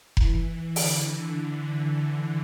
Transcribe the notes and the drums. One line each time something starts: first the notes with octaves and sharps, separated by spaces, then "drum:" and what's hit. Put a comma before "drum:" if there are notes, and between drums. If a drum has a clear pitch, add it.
E3, drum: kick F1
D3, drum: open hi-hat